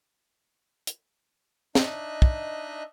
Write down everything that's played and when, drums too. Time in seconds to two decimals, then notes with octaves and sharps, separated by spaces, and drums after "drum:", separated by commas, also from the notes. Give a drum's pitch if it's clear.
0.87 drum: hi-hat
1.75 D4 D#4 D#5 E5 F#6, drum: snare
2.22 drum: kick